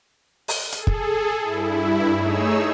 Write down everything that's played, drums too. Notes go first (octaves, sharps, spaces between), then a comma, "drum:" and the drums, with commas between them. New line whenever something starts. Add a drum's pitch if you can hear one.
drum: open hi-hat
G#4 A4, drum: hi-hat
drum: kick
G2 E4
A3 D#4 G#4 C#5 E6